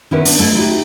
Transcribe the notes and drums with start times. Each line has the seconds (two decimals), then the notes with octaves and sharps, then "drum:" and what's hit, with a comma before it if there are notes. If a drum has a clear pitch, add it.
0.11 D#3 B3 C#4 E4 A#4 B4
0.25 B3 D4, drum: open hi-hat
0.39 A3 E4 A4
0.55 D#4 E4 F#4 G4